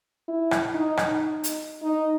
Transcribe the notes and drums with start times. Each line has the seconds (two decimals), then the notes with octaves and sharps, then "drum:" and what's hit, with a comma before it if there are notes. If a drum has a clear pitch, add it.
0.28 E4
0.51 drum: rim click
0.74 D#4
0.97 drum: rim click
1.21 D#4
1.44 drum: hi-hat
1.83 D#4